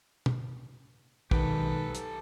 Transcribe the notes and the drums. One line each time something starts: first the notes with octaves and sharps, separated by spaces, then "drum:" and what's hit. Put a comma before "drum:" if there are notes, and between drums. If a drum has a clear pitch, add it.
drum: tom
B1 D#3 G#3 G4 A4 B4, drum: kick
drum: hi-hat